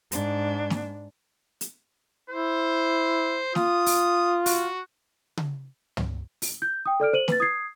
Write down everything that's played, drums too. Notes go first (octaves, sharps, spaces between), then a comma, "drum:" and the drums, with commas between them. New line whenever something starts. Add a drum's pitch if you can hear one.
G#2 D4, drum: hi-hat
drum: snare
drum: hi-hat
E4 C5
F4 D#6, drum: snare
drum: open hi-hat
F#4, drum: open hi-hat
drum: tom C#3
drum: tom
drum: open hi-hat
G6
G5 D#6
A4 D5 F6 D7
C5 D#7 F#7
B4 A6, drum: snare
D#6 G#6 C7